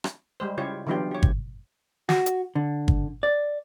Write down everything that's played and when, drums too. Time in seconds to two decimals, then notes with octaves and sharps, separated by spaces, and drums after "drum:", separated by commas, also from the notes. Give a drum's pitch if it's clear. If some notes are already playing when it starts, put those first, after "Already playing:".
0.04 drum: rim click
0.40 G3 G#3 C5
0.57 C#3 E4 F4 G4 C#5
0.87 D3 E3 F#3 B3 F4 G4
1.11 G4 C#5
1.23 drum: kick G1
2.09 F#4, drum: snare
2.26 drum: hi-hat
2.55 D3
2.88 drum: kick G1
3.23 D5